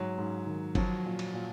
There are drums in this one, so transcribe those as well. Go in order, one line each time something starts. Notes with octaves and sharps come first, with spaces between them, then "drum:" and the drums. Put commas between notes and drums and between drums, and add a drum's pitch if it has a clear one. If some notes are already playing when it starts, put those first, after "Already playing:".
Already playing: G#2 F#3
G#2
D#3
F3 F#3, drum: kick G1, cymbal
A#2
drum: cymbal
A#2